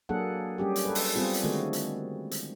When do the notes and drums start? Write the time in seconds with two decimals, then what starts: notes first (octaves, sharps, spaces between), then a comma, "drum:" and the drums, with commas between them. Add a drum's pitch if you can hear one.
0.09 F#3 A#3 D4 G#4 A4 F#5
0.58 G3 C#4 G4 G#4
0.76 drum: hi-hat
0.85 A4 B4
0.95 drum: open hi-hat
1.15 G3 B3 C4 F4 G#4
1.34 drum: hi-hat
1.44 D3 D#3 G#3 A3 F#4
1.73 drum: hi-hat
2.31 drum: hi-hat